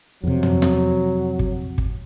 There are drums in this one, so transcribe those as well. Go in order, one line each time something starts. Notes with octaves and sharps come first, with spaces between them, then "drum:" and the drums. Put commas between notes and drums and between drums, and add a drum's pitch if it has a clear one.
F2 C3 F#3
drum: tom
drum: snare
drum: kick
drum: kick